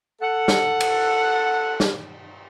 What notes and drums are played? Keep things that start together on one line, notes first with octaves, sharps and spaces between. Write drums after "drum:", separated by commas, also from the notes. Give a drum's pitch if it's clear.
A4 F#5
drum: snare
drum: cymbal
drum: snare